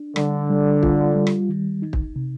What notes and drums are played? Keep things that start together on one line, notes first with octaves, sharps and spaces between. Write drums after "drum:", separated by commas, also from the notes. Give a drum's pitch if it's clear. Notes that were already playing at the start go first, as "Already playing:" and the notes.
Already playing: D4
D3 G3, drum: rim click
G3
F4, drum: kick
G3
drum: rim click
D#3
D#4
drum: kick
C3